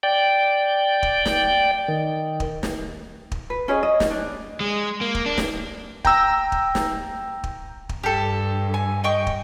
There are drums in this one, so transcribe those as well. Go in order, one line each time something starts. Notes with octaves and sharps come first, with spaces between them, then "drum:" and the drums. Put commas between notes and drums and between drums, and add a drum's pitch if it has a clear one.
D5 G5
drum: kick
drum: snare
D#3
drum: kick
drum: snare
drum: kick
B4
C#4 G#4 C#5 D#5
D#5
drum: snare
D4
G#3
A#3
drum: kick
D4
drum: snare
G5 A#5 E6, drum: kick
drum: kick
drum: snare
drum: kick
drum: kick
G2 G4 A4
G#5
D#5 G5 C#6
drum: kick